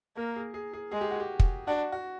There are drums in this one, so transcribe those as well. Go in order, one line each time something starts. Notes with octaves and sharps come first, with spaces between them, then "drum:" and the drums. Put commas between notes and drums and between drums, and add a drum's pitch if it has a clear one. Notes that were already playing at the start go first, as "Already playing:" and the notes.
A#3 A#4
G#4
G#4
G#4
G#3 G#4
G4
F#4
G4
drum: kick
D4 F#4
F#4